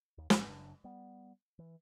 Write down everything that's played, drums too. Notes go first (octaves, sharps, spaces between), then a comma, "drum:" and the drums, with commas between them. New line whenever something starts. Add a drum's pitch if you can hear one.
D#2
B1 A2 F#3 C#4, drum: snare
F#1 F#2 C#3 D4
G3 B3
E3